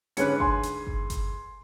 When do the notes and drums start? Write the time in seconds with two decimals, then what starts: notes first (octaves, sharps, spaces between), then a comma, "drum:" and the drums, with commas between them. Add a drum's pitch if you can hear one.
0.17 G#2 D3 C#4 B4 G#6 C#7, drum: hi-hat
0.40 G#5 C6, drum: kick G1
0.63 drum: hi-hat
0.87 drum: kick G1
1.10 drum: kick G1, hi-hat